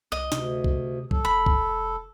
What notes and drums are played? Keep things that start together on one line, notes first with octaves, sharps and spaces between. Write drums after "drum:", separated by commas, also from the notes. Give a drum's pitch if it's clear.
C2 D#5
D2 C3, drum: snare
drum: kick B1
C3
F#3 A4, drum: kick B1
F1 B5
drum: kick B1